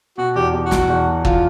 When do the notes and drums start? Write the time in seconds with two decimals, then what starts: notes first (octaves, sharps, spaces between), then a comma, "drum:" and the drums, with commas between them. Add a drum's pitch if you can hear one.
0.18 B2 F#4
0.35 E2 G4
0.54 E2
0.65 F#4
0.71 B2, drum: snare
0.77 F#4
0.89 E2
1.07 B2
1.25 F4, drum: kick